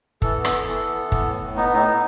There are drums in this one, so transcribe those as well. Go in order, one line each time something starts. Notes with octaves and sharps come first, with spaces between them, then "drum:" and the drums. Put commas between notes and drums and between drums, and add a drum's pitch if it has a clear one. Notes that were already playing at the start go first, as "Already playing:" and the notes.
E3 A4, drum: kick
B3
A4, drum: rim click
E3
E3 A4
B3
E3
B3, drum: kick
A2
A2
B3 D#4
A2 D#4
B3